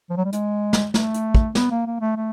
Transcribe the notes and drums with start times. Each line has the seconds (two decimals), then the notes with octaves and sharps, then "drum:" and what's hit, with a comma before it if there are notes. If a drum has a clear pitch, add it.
0.10 F3
0.17 F#3
0.25 G3
0.32 G#3, drum: hi-hat
0.73 drum: snare
0.94 A3, drum: snare
1.14 drum: hi-hat
1.35 drum: kick
1.55 B3, drum: snare
1.71 A#3
1.86 A#3
2.01 A3
2.17 A3